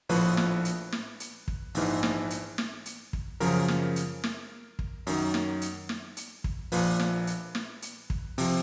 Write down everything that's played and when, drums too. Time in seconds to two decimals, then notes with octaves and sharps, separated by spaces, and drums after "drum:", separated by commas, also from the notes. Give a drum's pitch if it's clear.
0.09 A#1 A2 F3 B4, drum: open hi-hat
0.37 drum: snare
0.65 drum: hi-hat
0.92 drum: snare
1.20 drum: hi-hat
1.48 drum: kick
1.75 A#1 G#2 E3, drum: open hi-hat
2.03 drum: snare
2.30 drum: hi-hat
2.58 drum: snare
2.86 drum: hi-hat
3.13 drum: kick
3.40 F#2 C#3 F3 A#4, drum: open hi-hat
3.68 drum: snare
3.96 drum: hi-hat
4.24 drum: snare
4.79 drum: kick
5.07 F#2 D#3 F#3, drum: open hi-hat
5.34 drum: snare
5.62 drum: hi-hat
5.89 drum: snare
6.17 drum: hi-hat
6.44 drum: kick
6.72 A#1 A#2 F3 B4, drum: open hi-hat
6.99 drum: snare
7.27 drum: hi-hat
7.55 drum: snare
7.82 drum: hi-hat
8.10 drum: kick
8.38 C3 F3, drum: open hi-hat